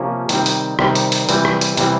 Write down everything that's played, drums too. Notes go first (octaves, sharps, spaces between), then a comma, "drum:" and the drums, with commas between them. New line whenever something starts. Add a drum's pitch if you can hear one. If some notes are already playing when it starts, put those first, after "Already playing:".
Already playing: C3 F3 A#3 C#4
C3 D#3 G3 C4, drum: hi-hat
drum: hi-hat
C3 D#3 G3 C4, drum: rim click
drum: hi-hat
drum: hi-hat
C3 E3 G3 C4, drum: hi-hat
drum: rim click
drum: hi-hat
C3 E3 G3 C4, drum: hi-hat